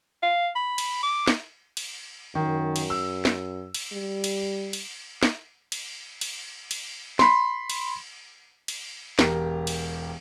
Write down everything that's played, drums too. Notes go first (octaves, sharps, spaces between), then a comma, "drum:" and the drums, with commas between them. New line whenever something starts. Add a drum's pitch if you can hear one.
F5
B5
drum: cymbal
D6
drum: snare
drum: cymbal
F#2 D#3
drum: cymbal
E6
drum: snare
drum: cymbal
G3
drum: cymbal
drum: cymbal
drum: snare
drum: cymbal
drum: cymbal
drum: cymbal
B5 C6, drum: snare
drum: cymbal
drum: cymbal
E1 G4 A#4, drum: snare
drum: cymbal